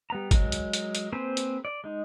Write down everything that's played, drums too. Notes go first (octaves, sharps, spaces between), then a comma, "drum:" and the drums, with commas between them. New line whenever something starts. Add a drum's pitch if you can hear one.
G3 B3 A#5
F#3 G#3 A#4, drum: kick, hi-hat
drum: hi-hat
drum: hi-hat
drum: hi-hat
A#3 C4 G#4 B4 C5
drum: hi-hat
D5
G#3 D#4